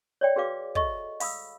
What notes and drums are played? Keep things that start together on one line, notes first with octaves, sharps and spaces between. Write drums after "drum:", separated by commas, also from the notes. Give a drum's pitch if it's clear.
C#5 D5 G5
F#4 G#4 B4 F5 D6
A4 D#5 E5 C#6, drum: kick
F5 B5 D#6 E6, drum: open hi-hat